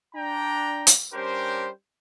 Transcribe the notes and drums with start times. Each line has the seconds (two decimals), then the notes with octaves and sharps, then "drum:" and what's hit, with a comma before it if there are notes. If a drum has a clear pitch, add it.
0.15 D4 G5 A#5
0.87 drum: hi-hat
1.14 G3 C#4 D4 G4 A#4 C5